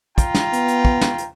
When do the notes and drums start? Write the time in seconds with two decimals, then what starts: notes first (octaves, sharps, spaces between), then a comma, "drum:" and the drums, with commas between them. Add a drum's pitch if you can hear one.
0.18 F4 G5 A#5, drum: kick, hi-hat
0.34 drum: snare
0.53 B3, drum: hi-hat
0.68 drum: hi-hat
0.85 drum: kick
1.01 drum: snare
1.18 drum: hi-hat